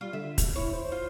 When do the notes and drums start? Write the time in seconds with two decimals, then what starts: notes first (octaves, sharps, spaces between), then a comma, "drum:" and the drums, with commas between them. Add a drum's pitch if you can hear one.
0.01 G3 F4
0.13 D3 E5
0.38 B2, drum: kick, hi-hat
0.56 E4 C#5
0.73 C5
0.92 F4